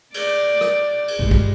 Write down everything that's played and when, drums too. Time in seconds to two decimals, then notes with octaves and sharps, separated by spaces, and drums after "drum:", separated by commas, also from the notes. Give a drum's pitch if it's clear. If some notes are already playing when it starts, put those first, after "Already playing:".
0.14 D5, drum: cymbal
0.61 drum: rim click
1.08 drum: cymbal
1.19 A1 G2 G3 G#3
1.31 drum: kick